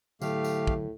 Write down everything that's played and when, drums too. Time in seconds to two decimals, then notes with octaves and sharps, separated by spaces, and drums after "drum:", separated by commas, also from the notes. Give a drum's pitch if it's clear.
0.22 A2 D3 F#3 A3 G4 F5, drum: tambourine
0.44 drum: tambourine
0.67 drum: kick